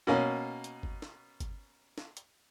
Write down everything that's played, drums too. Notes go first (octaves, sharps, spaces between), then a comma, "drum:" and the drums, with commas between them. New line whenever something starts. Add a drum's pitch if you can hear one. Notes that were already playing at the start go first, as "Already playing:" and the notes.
B2 A#3 C#4
drum: hi-hat
drum: kick G1
drum: snare
drum: kick G1, hi-hat
drum: snare
drum: hi-hat